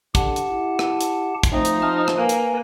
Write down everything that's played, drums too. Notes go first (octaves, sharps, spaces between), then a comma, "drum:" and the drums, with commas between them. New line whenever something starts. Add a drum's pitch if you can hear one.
D3 G4 F#5 A5, drum: kick, hi-hat
drum: hi-hat
E4
drum: rim click
drum: hi-hat
drum: kick, hi-hat
F3 A3 C4 D#4 C5
drum: hi-hat
A5 F6
drum: rim click
A#3 B4 G#5
drum: hi-hat